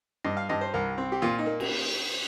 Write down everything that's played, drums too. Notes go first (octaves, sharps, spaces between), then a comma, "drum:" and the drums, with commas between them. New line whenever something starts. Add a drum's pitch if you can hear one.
G2 D#5
F5
G2 D#5
C5
C2 A#4
C4
G4
A#2 F4
D#4
A#3
drum: cymbal